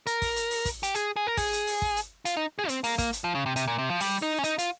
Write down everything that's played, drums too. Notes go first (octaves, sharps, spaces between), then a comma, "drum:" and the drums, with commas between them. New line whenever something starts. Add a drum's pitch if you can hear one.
A#4, drum: hi-hat
drum: kick, open hi-hat
drum: hi-hat
drum: open hi-hat
drum: kick, hi-hat
G4, drum: hi-hat
G#4, drum: hi-hat
G#4
A#4
G#4, drum: kick, open hi-hat
drum: hi-hat
drum: open hi-hat
drum: kick
drum: hi-hat
F4, drum: hi-hat
D#4
G#4
C4, drum: hi-hat
A#3, drum: open hi-hat
A#3, drum: kick, hi-hat
drum: hi-hat
F3
C#3
C3
C3, drum: hi-hat
A#2
C3
F3
G3, drum: open hi-hat
D#4
C#4
D#4, drum: hi-hat
F4, drum: hi-hat